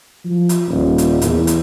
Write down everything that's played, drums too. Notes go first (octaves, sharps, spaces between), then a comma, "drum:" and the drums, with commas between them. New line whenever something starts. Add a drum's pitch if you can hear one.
F3
drum: hi-hat
D#1
drum: hi-hat
E2, drum: hi-hat
drum: hi-hat